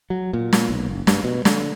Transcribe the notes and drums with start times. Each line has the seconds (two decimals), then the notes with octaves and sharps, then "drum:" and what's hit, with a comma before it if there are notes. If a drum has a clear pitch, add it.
0.10 F#3
0.33 A#2
0.53 drum: snare
0.69 B1
0.89 F#1
1.07 G2, drum: snare
1.24 B2
1.45 D3, drum: snare